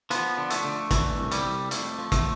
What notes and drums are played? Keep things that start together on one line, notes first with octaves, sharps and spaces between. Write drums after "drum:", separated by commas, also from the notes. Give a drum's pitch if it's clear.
F3 B3, drum: hi-hat
D3
A3, drum: hi-hat
D3
E3 A3, drum: kick, hi-hat
C2
G3, drum: hi-hat
C2
F2 A3, drum: hi-hat
F3
A3, drum: kick, hi-hat